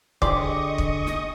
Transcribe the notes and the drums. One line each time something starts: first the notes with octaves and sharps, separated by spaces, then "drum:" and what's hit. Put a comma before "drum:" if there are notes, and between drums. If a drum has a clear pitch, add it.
D3 G4 G#4 D5 D#5 C6 C#6 D#6, drum: kick
drum: kick
drum: snare